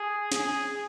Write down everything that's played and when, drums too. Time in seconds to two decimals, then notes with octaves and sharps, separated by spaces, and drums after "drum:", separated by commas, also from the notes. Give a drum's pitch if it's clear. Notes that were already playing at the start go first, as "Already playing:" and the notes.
Already playing: G#4
0.32 G#4, drum: snare